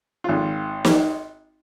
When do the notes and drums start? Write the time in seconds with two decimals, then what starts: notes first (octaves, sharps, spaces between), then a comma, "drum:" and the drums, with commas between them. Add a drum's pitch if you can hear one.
0.24 G#1 F4
0.85 drum: snare